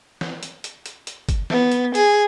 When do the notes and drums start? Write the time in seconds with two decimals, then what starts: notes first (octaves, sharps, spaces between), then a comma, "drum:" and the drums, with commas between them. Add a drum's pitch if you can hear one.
0.21 drum: snare
0.43 drum: hi-hat
0.64 drum: hi-hat
0.86 drum: hi-hat
1.07 drum: hi-hat
1.29 drum: kick, hi-hat
1.50 B3, drum: snare
1.72 drum: hi-hat
1.95 G#4, drum: hi-hat